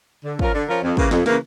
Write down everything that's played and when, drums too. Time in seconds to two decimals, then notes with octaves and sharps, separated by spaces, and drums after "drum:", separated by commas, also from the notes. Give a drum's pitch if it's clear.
0.25 D3
0.39 F3 C#4 F4 A#4, drum: kick
0.54 D3
0.68 F3 C#4 F4 A#4
0.82 F2
0.97 C#3 E3 A#3, drum: kick
1.11 F2, drum: snare
1.26 C#3 E3 A#3, drum: snare